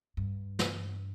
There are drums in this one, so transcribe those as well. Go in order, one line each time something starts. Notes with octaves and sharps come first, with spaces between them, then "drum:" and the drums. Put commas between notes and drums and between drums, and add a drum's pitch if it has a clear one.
G2
drum: snare